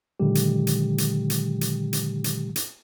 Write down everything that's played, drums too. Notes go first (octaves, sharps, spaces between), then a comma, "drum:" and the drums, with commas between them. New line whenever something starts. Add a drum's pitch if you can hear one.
A#2 D3 D#3 F#3 G#3 G4
drum: hi-hat
drum: hi-hat
drum: hi-hat
drum: hi-hat
drum: hi-hat
drum: hi-hat
drum: hi-hat
drum: hi-hat